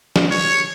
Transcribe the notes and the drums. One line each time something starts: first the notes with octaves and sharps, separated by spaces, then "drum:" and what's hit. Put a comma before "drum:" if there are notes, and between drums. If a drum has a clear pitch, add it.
drum: snare
C#5